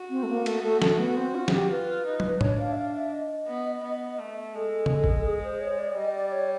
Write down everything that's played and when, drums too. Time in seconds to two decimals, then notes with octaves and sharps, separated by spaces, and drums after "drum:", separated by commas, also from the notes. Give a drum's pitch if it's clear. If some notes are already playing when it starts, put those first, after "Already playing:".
Already playing: F#4
0.10 C4
0.23 A3
0.29 A#3
0.46 A3, drum: cymbal
0.64 A3
0.82 A3, drum: snare
0.99 B3
1.17 C4
1.35 F4
1.48 G#4, drum: snare
1.53 G4
1.71 F4 B4
2.06 D#4
2.20 drum: tom
2.41 D4 C#5, drum: tom A2
2.60 F5
2.72 E5
2.77 F5
2.95 E5
3.12 D#5
3.47 B3
3.83 B3
4.19 A3
4.55 G#3 A4
4.86 drum: tom C#3
5.04 drum: kick
5.25 G#4
5.43 C5
5.61 C#5
5.79 D5
5.96 G3 D#5
6.14 D5
6.32 C#5